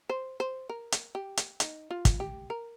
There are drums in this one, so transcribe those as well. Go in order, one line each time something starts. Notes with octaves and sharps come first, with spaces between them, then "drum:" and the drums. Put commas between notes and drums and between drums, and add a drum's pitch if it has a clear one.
C5
C5
A#4
drum: hi-hat
G4
drum: hi-hat
D#4, drum: hi-hat
F4
drum: kick, hi-hat
G4
A#4